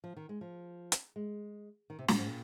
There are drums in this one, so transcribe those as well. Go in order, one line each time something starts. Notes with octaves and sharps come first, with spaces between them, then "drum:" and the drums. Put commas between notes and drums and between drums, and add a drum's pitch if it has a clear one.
F3
D#3
G#3
F3
drum: hi-hat
G#3
D#3
C3
A#2, drum: snare
G#2
A#2